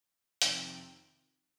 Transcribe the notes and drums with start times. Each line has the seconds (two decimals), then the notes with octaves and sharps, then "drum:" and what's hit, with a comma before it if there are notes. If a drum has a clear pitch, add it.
0.42 F2 C3 D#3 C4, drum: hi-hat